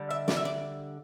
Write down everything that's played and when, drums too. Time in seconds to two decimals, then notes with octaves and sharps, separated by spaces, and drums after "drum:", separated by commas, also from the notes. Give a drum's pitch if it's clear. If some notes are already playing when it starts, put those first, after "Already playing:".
Already playing: D3 G3
0.10 E5
0.28 D5, drum: snare
0.37 E5
0.45 D5